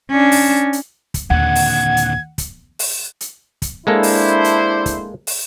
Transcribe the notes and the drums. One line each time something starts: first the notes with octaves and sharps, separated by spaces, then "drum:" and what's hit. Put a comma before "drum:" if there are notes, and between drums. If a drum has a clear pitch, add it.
C#4 D4
drum: open hi-hat
drum: hi-hat
drum: kick, hi-hat
D#2 A#2 D3 F#5 G#6
drum: open hi-hat
drum: hi-hat
drum: kick, hi-hat
drum: open hi-hat
drum: hi-hat
drum: kick, hi-hat
G#3 A#3 D4 E4 A4 C5
drum: open hi-hat
drum: hi-hat
drum: kick, hi-hat
drum: open hi-hat